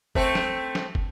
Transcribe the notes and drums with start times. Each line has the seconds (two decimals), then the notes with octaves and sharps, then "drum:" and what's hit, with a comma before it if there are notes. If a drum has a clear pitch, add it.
0.15 A3 C4 A4, drum: kick
0.35 drum: snare
0.75 drum: snare
0.95 drum: kick